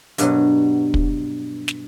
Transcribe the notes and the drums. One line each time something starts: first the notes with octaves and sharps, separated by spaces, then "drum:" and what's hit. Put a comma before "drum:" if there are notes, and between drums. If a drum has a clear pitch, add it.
G2 B2 F#3, drum: hi-hat
drum: kick
drum: snare